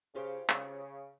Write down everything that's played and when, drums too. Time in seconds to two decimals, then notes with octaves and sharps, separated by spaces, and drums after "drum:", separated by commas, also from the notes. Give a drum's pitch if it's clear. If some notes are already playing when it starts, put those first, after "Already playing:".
0.15 C#3 F4 G4 C5
0.49 C#3, drum: clap